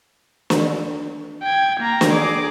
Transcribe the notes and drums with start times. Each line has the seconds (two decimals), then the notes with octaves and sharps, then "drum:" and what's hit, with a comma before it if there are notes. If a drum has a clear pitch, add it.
0.50 drum: snare
1.43 G5 G#6
1.79 A#3 A#5
2.01 drum: snare
2.12 G#4 D6